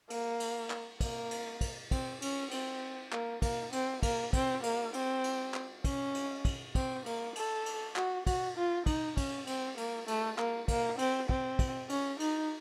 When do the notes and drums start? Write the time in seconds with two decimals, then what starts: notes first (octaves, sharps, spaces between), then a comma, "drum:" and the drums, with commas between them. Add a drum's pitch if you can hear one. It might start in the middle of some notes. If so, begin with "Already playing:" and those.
0.10 A#3, drum: cymbal
0.40 drum: cymbal
0.70 drum: clap
1.00 A#3, drum: kick, cymbal
1.31 drum: cymbal
1.61 drum: kick, cymbal
1.91 C4, drum: kick, cymbal
2.22 C#4, drum: cymbal
2.51 C4, drum: cymbal
3.12 A#3, drum: clap
3.42 A#3, drum: kick, cymbal
3.72 C4, drum: cymbal
4.03 A#3, drum: kick, cymbal
4.33 C4, drum: kick, cymbal
4.63 A#3, drum: cymbal
4.94 C4, drum: cymbal
5.24 drum: cymbal
5.54 drum: clap
5.84 C#4, drum: kick, cymbal
6.15 drum: cymbal
6.45 drum: kick, cymbal
6.75 C4, drum: kick, cymbal
7.06 A#3, drum: cymbal
7.36 A4, drum: cymbal
7.66 drum: cymbal
7.96 F#4, drum: clap
8.27 F#4, drum: kick, cymbal
8.57 F4
8.86 D#4, drum: kick, cymbal
9.17 C#4, drum: kick, cymbal
9.47 C4, drum: cymbal
9.77 A#3, drum: cymbal
10.08 A3, drum: cymbal
10.38 A#3, drum: clap
10.68 A#3, drum: kick, cymbal
10.99 C4, drum: cymbal
11.29 C4, drum: kick
11.59 drum: kick, cymbal
11.89 C#4, drum: cymbal
12.20 D#4, drum: cymbal